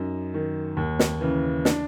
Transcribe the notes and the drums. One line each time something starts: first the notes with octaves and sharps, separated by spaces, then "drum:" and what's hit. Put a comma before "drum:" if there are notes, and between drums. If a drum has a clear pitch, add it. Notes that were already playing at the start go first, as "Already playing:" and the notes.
Already playing: F#2 D#4
D#3
D#2
drum: snare
C#3 E3
D4, drum: snare